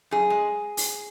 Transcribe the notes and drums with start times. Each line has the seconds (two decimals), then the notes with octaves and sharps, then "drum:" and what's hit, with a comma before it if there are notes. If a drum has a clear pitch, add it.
0.11 F#2 G#4
0.30 G#3
0.77 drum: open hi-hat